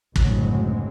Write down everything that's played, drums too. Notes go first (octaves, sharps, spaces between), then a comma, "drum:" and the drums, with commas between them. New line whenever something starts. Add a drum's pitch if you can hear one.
F#1 D2 A2 F#3 G#3 C4, drum: kick